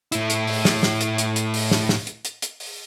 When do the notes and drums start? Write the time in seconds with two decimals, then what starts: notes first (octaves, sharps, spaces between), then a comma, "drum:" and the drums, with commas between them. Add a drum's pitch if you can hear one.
0.12 A2 E4, drum: hi-hat
0.30 drum: hi-hat
0.47 drum: open hi-hat
0.65 drum: snare
0.83 drum: snare
1.01 drum: hi-hat
1.18 drum: hi-hat
1.36 drum: hi-hat
1.54 drum: open hi-hat
1.72 drum: snare
1.89 drum: snare
2.07 drum: hi-hat
2.25 drum: hi-hat
2.42 drum: hi-hat
2.60 drum: open hi-hat